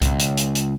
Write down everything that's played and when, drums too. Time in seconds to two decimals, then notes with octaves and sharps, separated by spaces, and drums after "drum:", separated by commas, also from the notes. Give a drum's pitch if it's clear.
0.02 C#2, drum: kick C2, hi-hat
0.19 drum: hi-hat
0.37 drum: hi-hat
0.55 drum: hi-hat